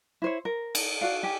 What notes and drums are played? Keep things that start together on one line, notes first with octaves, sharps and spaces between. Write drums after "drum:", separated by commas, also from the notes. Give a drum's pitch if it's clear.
E4 C5 C#5
A#4
drum: cymbal
F#4 D5 F5
G4 G#5